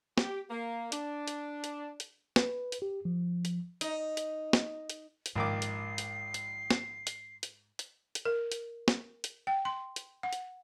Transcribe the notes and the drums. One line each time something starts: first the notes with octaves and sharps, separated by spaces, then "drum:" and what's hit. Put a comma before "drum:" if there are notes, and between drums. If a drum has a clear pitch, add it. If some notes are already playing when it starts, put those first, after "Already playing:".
G4, drum: snare
A#3
D4, drum: hi-hat
drum: hi-hat
drum: hi-hat
drum: hi-hat
B4, drum: snare
drum: hi-hat
G4
F3
drum: hi-hat
D#4, drum: hi-hat
drum: hi-hat
drum: snare
drum: hi-hat
drum: hi-hat
A#1 G#2 D#3 D6 C7
drum: hi-hat
drum: hi-hat
drum: hi-hat
drum: snare
drum: hi-hat
drum: hi-hat
drum: hi-hat
drum: hi-hat
A#4
drum: hi-hat
drum: snare
drum: hi-hat
G5
C6
drum: hi-hat
F#5
drum: hi-hat